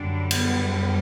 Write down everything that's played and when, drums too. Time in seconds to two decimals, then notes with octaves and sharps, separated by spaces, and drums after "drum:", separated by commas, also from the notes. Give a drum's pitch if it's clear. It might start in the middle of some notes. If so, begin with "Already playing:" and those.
Already playing: F#2 D3 G3 D4
0.31 B3, drum: cymbal